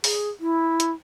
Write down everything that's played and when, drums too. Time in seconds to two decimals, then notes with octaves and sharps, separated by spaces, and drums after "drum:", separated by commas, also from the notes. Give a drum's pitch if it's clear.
0.04 G#4, drum: open hi-hat
0.40 E4
0.80 drum: hi-hat